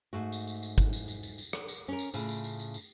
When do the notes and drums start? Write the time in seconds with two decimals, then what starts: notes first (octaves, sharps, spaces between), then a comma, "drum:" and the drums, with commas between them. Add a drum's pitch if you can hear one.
0.13 G#2 A3 F#4
0.32 drum: tambourine
0.48 drum: tambourine
0.63 drum: tambourine
0.78 drum: kick G1, tambourine
0.93 drum: tambourine
1.08 drum: tambourine
1.23 drum: tambourine
1.38 drum: tambourine
1.53 drum: rim click
1.68 drum: tambourine
1.88 C#4 A#4
1.99 drum: tambourine
2.14 A2 C#3 F4, drum: tambourine
2.29 drum: tambourine
2.44 drum: tambourine
2.59 drum: tambourine
2.74 drum: tambourine